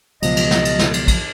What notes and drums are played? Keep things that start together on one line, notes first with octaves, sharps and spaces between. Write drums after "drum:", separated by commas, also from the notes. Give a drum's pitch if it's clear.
C#2 B2 F3 F#3 D#5, drum: cymbal
drum: cymbal
drum: snare
drum: cymbal
drum: snare
drum: cymbal
drum: kick, cymbal